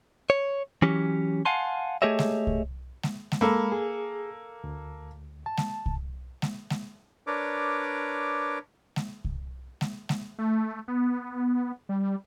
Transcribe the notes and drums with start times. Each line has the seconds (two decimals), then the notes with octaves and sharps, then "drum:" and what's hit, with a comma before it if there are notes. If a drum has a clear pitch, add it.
0.30 C#5
0.82 E3 F#3 C#4 G4
1.45 F5 F#5 G#5 A5 C6
2.02 A3 G4 G#4 C#5 D#5 E5
2.19 drum: snare G#3
2.47 drum: kick C2
3.03 drum: snare G#3
3.32 drum: snare G#3
3.41 G#3 A#3 A4 B5
3.72 G#4
4.64 D2
5.46 A5
5.58 drum: snare G#3
5.86 drum: kick C2
6.42 drum: snare G#3
6.70 drum: snare G#3
7.27 D4 A#4 B4 C#5 D5 D6
8.96 drum: snare G#3
9.25 drum: kick C2
9.81 drum: snare G#3
10.09 drum: snare G#3
10.38 A3
10.88 B3
11.89 G3